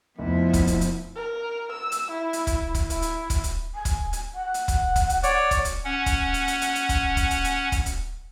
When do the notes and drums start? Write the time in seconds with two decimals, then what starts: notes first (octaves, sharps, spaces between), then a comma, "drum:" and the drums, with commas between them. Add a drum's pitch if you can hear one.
0.19 F1 F3 B3 E4
0.53 drum: kick, hi-hat
0.67 drum: hi-hat
0.81 drum: hi-hat
1.16 A#4
1.72 E6
1.92 drum: hi-hat
2.11 E4
2.33 drum: hi-hat
2.47 drum: kick, hi-hat
2.75 drum: kick, hi-hat
2.90 E4, drum: hi-hat
3.02 drum: hi-hat
3.30 drum: kick, hi-hat
3.44 drum: hi-hat
3.75 G#5
3.85 drum: kick, hi-hat
4.13 drum: hi-hat
4.35 F#5
4.54 drum: hi-hat
4.68 drum: kick, hi-hat
4.96 drum: kick, hi-hat
5.09 drum: hi-hat
5.23 C#5 D5, drum: hi-hat
5.51 drum: kick, hi-hat
5.65 drum: hi-hat
5.84 C#4 F#5
6.06 drum: kick, hi-hat
6.34 drum: hi-hat
6.48 drum: hi-hat
6.61 drum: hi-hat
6.75 drum: hi-hat
6.89 drum: kick, hi-hat
7.17 drum: kick, hi-hat
7.31 drum: hi-hat
7.44 drum: hi-hat
7.72 drum: kick, hi-hat
7.86 drum: hi-hat